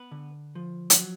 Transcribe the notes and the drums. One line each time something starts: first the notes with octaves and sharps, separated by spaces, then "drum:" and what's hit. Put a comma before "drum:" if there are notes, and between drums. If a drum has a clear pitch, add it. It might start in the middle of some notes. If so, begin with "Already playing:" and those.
Already playing: B3 B4
D3
F3
drum: hi-hat
F#3